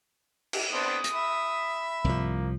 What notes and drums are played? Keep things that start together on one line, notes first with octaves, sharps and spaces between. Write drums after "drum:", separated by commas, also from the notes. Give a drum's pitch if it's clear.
drum: cymbal
B3 C4 D4 D#6
drum: hi-hat
E5 B5
C2 F3 A#3, drum: kick